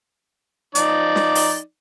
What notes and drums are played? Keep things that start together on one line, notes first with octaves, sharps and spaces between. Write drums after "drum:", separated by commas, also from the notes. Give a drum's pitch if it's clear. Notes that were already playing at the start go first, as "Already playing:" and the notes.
F3 D#4 D5, drum: hi-hat
drum: snare
drum: open hi-hat